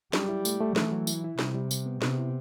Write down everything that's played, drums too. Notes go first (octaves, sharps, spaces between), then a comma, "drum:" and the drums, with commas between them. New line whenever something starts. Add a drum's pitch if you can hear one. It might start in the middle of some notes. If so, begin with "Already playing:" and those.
F#3 G3, drum: snare
E4
A3, drum: tambourine
A3
E3 A3, drum: snare
F#3
E4, drum: tambourine
E4
C3 G3, drum: snare
G3
G3, drum: tambourine
B3
C3 B3, drum: snare
E4